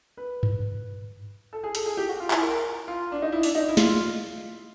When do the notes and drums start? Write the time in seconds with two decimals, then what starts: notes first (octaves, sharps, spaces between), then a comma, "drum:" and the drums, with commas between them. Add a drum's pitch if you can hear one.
0.17 B4
0.43 drum: tom G2
1.53 A4
1.63 G#4
1.75 A4, drum: hi-hat
1.86 G#4
1.97 G4
2.09 F#4
2.20 F4
2.31 E4, drum: clap
2.43 A#4
2.88 F4
3.12 D4
3.22 D#4
3.32 E4
3.43 D4, drum: open hi-hat
3.55 D#4
3.69 E4
3.77 F4, drum: snare